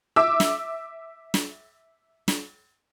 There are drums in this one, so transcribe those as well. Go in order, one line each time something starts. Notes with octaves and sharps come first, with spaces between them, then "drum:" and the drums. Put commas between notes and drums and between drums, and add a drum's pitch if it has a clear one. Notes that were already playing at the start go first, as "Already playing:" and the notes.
E5 D6 E6
drum: snare
drum: snare
drum: snare